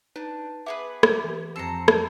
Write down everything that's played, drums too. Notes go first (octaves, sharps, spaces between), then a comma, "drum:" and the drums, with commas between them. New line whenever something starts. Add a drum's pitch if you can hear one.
D4 D#4 B4
B3 G#4 B4 E5 F#5 D6
drum: rim click
E3 G4
F2 C4 A5 A#5 E6 C7 C#7
drum: rim click